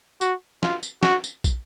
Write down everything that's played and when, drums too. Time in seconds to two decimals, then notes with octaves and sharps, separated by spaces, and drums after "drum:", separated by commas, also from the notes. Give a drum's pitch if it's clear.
0.21 F#4, drum: tambourine
0.63 F4, drum: snare
0.83 drum: tambourine
1.03 F#4, drum: snare
1.24 drum: tambourine
1.44 drum: kick, tambourine